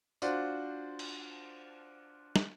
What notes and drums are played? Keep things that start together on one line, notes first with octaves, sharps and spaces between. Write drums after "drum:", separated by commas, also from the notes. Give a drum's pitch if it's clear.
D4 F4 F#4 C5, drum: tambourine
drum: cymbal
drum: snare